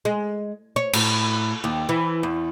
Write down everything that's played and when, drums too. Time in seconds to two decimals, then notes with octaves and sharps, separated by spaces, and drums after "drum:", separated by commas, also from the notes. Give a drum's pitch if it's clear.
0.05 G#3
0.76 C#5
0.93 A2, drum: cymbal
1.64 D#2
1.89 E3
2.23 E2